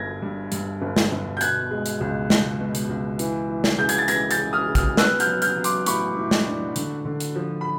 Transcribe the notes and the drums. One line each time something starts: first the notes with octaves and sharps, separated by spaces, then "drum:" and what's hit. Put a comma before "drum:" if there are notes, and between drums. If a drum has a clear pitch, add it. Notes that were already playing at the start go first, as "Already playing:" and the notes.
Already playing: G1 G2 G#6 A#6
G2
G2, drum: hi-hat
G1
drum: snare
G1
G6
B2 F#6 G#6, drum: hi-hat
G#3
drum: hi-hat
C#2
C#2, drum: snare
B2
drum: hi-hat
C#2
E3, drum: hi-hat
E3
drum: snare
C#3 G6
G#6, drum: hi-hat
A6
E3 G#6 A#6, drum: hi-hat
G6 A6, drum: hi-hat
C#3
D#6 F6
C#3
D#6 F6, drum: kick, hi-hat
B3 E6 F#6, drum: snare
F6 G6, drum: hi-hat
F#3
F6 G6, drum: hi-hat
F#3
C6 D6, drum: hi-hat
A2 B5 C#6, drum: hi-hat
A2
drum: snare
D4
D3, drum: hi-hat
D3
drum: hi-hat
F3
B5